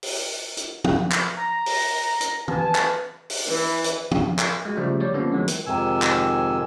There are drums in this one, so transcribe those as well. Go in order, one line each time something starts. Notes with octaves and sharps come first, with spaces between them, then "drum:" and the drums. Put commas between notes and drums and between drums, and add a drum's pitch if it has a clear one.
drum: open hi-hat
drum: hi-hat
drum: tom
drum: clap
A#5
drum: open hi-hat
drum: hi-hat
B4 G#5 A5, drum: tom
drum: clap
drum: open hi-hat
E3
drum: hi-hat
drum: tom
drum: clap
G#3 F#4
C#3 F3 G3 A3
G3 C#5 D5
D3 F3 A#3 B3 C#4
E3 F#3 G#3
drum: hi-hat
F2 G#2 C3 D#3 G#5 E6
drum: clap